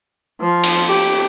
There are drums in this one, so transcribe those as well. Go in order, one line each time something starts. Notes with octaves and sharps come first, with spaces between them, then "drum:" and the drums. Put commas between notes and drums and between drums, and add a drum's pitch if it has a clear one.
F3
drum: cymbal
G4